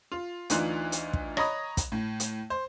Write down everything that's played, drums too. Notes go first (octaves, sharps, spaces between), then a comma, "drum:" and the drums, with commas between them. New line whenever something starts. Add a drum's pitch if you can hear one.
F4
D2 E3 D4 D#4 F4 F#6, drum: hi-hat
drum: hi-hat
drum: kick
C#5 D#5 A#5 B5 D#6 A#6, drum: rim click
drum: kick, hi-hat
A2
drum: hi-hat
C5